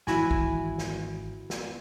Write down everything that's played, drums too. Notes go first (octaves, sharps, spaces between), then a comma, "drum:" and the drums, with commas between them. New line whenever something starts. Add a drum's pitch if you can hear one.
G#1 E3 F3 E4 F#4 G#5, drum: snare
drum: kick
drum: snare
drum: snare